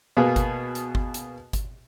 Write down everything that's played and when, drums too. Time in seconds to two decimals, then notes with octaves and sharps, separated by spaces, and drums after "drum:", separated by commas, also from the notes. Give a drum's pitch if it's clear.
0.17 B2 A#3 B3 G#4
0.36 drum: kick G1, hi-hat
0.75 drum: hi-hat
0.95 drum: kick G1
1.14 drum: hi-hat
1.53 drum: kick G1, hi-hat